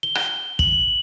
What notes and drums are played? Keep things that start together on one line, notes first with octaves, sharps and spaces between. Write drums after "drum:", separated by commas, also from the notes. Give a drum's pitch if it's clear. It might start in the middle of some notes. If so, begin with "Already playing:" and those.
G7
drum: rim click
F#7, drum: kick